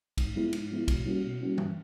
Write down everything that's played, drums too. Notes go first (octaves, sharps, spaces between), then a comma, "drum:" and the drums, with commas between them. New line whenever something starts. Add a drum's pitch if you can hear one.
G#2, drum: kick, cymbal
F3 G#3 B3 E4
G#2, drum: cymbal
F3 G#3 B3 E4
B2, drum: kick, cymbal
G3 A#3 C#4 F#4
B2
G3 A#3 C#4 F#4
G2, drum: tom E3